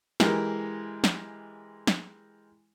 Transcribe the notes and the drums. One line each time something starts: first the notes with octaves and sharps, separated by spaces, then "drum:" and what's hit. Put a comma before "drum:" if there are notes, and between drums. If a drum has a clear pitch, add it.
E3 G#3 G4 A#4, drum: snare
drum: snare
drum: snare